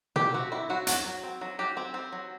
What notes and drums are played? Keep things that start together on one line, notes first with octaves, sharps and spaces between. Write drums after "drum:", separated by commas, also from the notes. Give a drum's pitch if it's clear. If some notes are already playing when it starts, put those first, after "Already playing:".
C4 G4, drum: tom B2
C4 F#4
C4 E4
F#3 F#4
F#3 F#4, drum: hi-hat
F#3
C4
F#3
F#3 G4
C4
C4
F#3